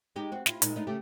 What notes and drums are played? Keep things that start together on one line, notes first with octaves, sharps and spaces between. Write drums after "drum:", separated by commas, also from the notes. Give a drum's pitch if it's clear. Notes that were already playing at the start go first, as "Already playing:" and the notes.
G#3 D#4 G4
C4 F#4
E4 F4, drum: snare
A#2 G#3 D#4, drum: hi-hat
A3 D4 D#4
C#3 A3 G4